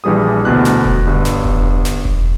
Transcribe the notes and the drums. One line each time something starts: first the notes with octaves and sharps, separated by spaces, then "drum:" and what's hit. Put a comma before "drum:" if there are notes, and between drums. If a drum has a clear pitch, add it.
A#1 E3 G3 G#4 D#6
D2 B2 F#6
drum: snare
drum: kick E1
G1 G2
drum: snare
drum: kick E1
drum: snare
drum: kick E1